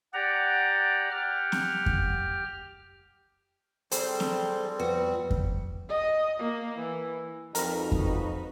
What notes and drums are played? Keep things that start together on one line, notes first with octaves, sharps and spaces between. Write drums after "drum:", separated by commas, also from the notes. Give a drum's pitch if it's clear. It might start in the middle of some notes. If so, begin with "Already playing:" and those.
G4 D5 F#5 A#5
G4 F6
drum: snare C4
drum: kick F2
G3 C4 G#4 A4 C5 G5, drum: hi-hat
drum: snare C4
F2 B3 F#4 B4
drum: kick F2
D#5
A#3
E3
F2 G3 D#4 F#4 A#4 B4, drum: hi-hat
drum: kick F2